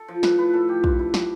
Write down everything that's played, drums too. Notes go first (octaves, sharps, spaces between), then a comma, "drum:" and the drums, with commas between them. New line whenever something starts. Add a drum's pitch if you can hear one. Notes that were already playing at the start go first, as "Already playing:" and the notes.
Already playing: A4
F3
A2 B4, drum: snare
F3 B4
A2 A4
F3 G4
G2 F4, drum: kick
F3 E4
drum: snare